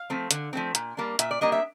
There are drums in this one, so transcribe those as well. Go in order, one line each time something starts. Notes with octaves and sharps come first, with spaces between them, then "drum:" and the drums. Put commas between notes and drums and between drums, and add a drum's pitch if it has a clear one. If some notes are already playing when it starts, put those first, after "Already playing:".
Already playing: F5
F3 A3 C4
D3, drum: hi-hat
F3 A3 C4
A#2, drum: hi-hat
G3 A#3 D4
A#2 E5, drum: hi-hat
D5
G3 A#3 D4 D#5
E5